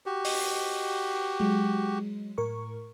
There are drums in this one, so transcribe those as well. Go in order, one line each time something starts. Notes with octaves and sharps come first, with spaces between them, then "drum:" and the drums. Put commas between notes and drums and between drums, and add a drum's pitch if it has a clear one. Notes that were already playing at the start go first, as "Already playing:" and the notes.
F#4 G4
D#5, drum: open hi-hat
F#3 G#3
A2 A#4 C#6